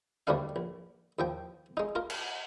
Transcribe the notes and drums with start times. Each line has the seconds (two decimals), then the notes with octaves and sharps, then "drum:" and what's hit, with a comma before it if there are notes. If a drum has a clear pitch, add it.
0.27 D2 D#3 G3 A#3 D4 F5
0.56 A#1
1.19 D#2 F3 G5
1.77 G#3 D#4
1.95 F4 A#4
2.10 drum: cymbal